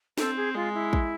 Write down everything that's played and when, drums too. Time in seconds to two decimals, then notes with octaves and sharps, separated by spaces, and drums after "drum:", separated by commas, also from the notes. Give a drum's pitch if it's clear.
0.18 C4 A4, drum: snare
0.36 G#4
0.55 G#3 F4
0.74 E4
0.93 drum: kick